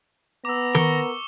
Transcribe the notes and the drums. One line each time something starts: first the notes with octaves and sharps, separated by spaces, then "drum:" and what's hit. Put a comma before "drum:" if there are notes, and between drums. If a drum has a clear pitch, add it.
B3 A#5 D6 E6
A#4 C#6 C#7 G7, drum: tom D#3